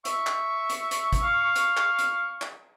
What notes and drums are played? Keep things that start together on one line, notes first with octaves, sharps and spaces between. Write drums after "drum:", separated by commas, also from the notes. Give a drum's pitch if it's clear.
E5 C#6, drum: hi-hat
drum: clap
drum: hi-hat
drum: hi-hat
drum: kick, hi-hat
F5
drum: hi-hat
drum: clap
drum: hi-hat
drum: clap